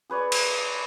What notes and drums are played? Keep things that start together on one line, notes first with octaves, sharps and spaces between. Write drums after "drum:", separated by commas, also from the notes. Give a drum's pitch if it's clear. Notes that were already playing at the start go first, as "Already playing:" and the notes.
G#4 B4 C#5 D5
drum: cymbal